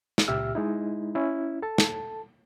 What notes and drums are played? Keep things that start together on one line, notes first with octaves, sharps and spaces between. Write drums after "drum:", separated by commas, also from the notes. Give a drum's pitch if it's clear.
drum: snare
C#2 A#2 G4 E5 E6 F6
G#3 D#4 E4
C#4 E4
A4 A5
drum: snare